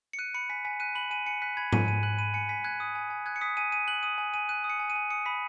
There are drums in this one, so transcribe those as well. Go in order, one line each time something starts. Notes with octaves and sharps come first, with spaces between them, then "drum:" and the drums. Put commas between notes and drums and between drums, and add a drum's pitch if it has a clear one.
C#7
F#6 D#7
B5 C#7
G#5 B6
G#5 B6
F#6 D#7
B5 F#7
G#5 D#7
G#5 C#7
F#6 B6
B5 G#6
G#5 D#7, drum: tom G#2
G#5 D#7
F#6 F#7
B5 D#7
G#5 C#7
G#5 B6
F#6 G#6
D#6
G#5
G#5
F#6 G#6
C#7
D#6 B6
G#5 D#7
G#5 D#7
F#6 F#7
D#6 D#7
G#5
G#5 D#7
F#6 D#7
D#6
C#7
G#5
D#7
G#5
D#6 C#7
B5 B6